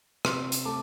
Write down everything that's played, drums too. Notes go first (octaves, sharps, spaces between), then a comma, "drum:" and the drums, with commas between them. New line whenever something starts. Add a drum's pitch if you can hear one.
C3 C6 F6, drum: rim click
drum: hi-hat
A3 A5 D6